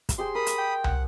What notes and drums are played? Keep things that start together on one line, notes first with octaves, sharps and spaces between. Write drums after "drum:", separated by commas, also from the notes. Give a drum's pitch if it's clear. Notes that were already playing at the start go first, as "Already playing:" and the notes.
drum: kick, hi-hat
G4 G#4 C5 C6
A#4 B5 D#6
drum: hi-hat
G5
F#5, drum: tom C2